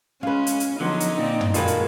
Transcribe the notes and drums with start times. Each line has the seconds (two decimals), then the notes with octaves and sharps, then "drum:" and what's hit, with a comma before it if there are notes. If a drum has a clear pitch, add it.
0.23 G#3 C#4 F4 B4
0.47 drum: hi-hat
0.60 drum: hi-hat
0.80 D3 F3 F#3 B3 D#4
1.00 drum: hi-hat
1.18 A#2 C4 D5
1.41 drum: tom
1.54 A#2 D#3 G#3 A#3 F4 F#4 A4 B4, drum: hi-hat
1.68 drum: hi-hat